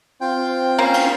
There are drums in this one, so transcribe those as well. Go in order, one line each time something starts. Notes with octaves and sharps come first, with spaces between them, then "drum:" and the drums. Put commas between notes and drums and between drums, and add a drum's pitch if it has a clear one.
C4 F4 G5
A#3 C#4 C5 G#5
drum: cymbal